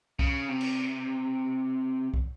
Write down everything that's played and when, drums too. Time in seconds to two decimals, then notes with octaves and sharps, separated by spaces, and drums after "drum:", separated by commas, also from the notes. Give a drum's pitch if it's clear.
0.19 C#3, drum: kick
0.49 C3
0.61 drum: cymbal
2.14 drum: kick